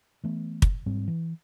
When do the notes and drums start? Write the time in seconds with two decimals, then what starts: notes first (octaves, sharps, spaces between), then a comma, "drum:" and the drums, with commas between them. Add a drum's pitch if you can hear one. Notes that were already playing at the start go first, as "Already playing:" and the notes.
0.24 E3 A3 B3
0.62 drum: kick
0.86 G#2 G3 C4
1.08 E3